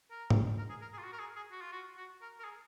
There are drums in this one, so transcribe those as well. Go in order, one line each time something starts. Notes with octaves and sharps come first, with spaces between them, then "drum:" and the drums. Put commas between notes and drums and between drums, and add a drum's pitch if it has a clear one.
A#4
drum: tom G#2
A#4
G#4
A#4
G#4
F4
F#4
A#4
G#4
G#4
F#4
F4
F#4
F#4
A#4
A#4
G#4